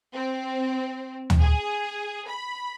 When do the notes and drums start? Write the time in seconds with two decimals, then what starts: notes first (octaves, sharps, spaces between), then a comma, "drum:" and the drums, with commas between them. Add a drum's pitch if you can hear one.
0.14 C4
1.30 drum: tom
1.41 G#4
2.27 B5